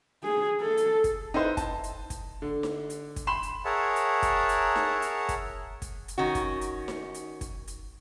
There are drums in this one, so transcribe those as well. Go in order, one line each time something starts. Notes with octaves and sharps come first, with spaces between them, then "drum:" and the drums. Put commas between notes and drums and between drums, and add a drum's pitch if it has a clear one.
G#4
A4
drum: hi-hat
drum: kick, hi-hat
D#4 E4 B4 C5
A5, drum: kick, hi-hat
drum: hi-hat
drum: kick, hi-hat
D3
drum: snare D#4
drum: hi-hat
drum: kick, hi-hat
B5 C6 E7
drum: hi-hat
G#4 A#4 C#5 E5 F#5 A5
drum: hi-hat
drum: kick, hi-hat
drum: hi-hat
drum: snare D#4
drum: hi-hat
drum: kick, hi-hat
drum: kick, hi-hat
drum: hi-hat
D#3 C#4 F#4
drum: kick, hi-hat
drum: hi-hat
drum: snare D#4
drum: hi-hat
drum: kick, hi-hat
drum: hi-hat